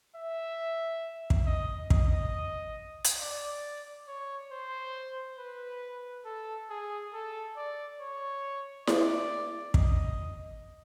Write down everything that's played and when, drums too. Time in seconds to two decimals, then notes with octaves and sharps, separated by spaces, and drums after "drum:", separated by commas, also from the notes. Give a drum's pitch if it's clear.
0.16 E5
1.30 drum: kick
1.46 D#5
1.90 D#5, drum: kick
3.04 drum: hi-hat
3.21 D5
4.08 C#5
4.51 C5
5.38 B4
6.25 A4
6.70 G#4
7.13 A4
7.57 D5
8.00 C#5
8.87 D5, drum: snare E4
9.74 D#5, drum: kick